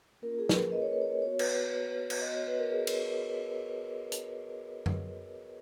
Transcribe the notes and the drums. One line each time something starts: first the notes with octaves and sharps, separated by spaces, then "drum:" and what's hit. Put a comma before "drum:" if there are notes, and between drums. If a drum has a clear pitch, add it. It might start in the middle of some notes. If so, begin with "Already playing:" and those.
A#3 C#4 F4 A#4
G#4
B4, drum: snare
A#4
D#5
C#5
B4
C#5
B3 F#4 C#5
B4, drum: cymbal
C#5
drum: cymbal
B3 F#4 D#5
C#5
B4
A#4
G#4
drum: cymbal
drum: hi-hat
drum: tom F#2